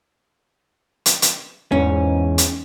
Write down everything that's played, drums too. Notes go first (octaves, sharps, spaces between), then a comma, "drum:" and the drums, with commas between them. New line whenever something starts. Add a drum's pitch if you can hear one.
drum: hi-hat
drum: hi-hat
E2 G#2 C#4
drum: hi-hat